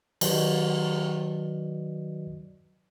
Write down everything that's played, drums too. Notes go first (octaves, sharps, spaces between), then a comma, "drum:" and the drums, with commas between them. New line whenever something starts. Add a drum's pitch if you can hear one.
D#3 F#3 F#4 B4 D5 D#5, drum: cymbal